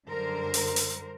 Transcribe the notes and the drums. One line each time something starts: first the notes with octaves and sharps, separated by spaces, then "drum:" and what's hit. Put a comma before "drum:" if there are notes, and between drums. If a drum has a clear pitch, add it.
F#2 D3 G3 A#4 C5
drum: open hi-hat
drum: open hi-hat